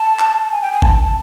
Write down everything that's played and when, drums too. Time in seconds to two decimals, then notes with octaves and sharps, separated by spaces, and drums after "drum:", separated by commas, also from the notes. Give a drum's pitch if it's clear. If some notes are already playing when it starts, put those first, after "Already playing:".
Already playing: A5
0.19 drum: clap
0.43 A5
0.52 G#5
0.62 G5
0.72 G#5
0.82 A5, drum: kick G#1
1.04 A5